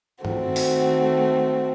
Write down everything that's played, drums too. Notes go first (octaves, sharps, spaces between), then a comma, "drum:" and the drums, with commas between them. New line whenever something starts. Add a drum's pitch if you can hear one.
D#3 A3 C4 F#4, drum: tom G2
drum: open hi-hat